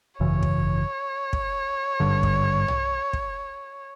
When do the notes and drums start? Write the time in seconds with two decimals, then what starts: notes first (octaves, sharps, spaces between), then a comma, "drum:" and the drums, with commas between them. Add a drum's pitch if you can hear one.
0.20 G#1 F#2 C#3 E3 C#5
0.43 drum: kick
1.33 drum: kick
2.00 G#1 G2 D3
2.23 drum: kick
2.68 drum: tom B1
3.13 drum: kick